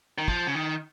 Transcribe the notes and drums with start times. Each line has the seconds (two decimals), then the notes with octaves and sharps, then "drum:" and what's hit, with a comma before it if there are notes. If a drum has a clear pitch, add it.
0.18 D#3
0.28 F3, drum: kick
0.47 C#3
0.55 D#3